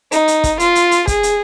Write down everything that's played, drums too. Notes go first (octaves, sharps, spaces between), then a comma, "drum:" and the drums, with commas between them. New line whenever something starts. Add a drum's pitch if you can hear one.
D#4, drum: hi-hat
drum: hi-hat
drum: kick, hi-hat
F4, drum: hi-hat
drum: hi-hat
drum: hi-hat
G#4, drum: kick, hi-hat
drum: hi-hat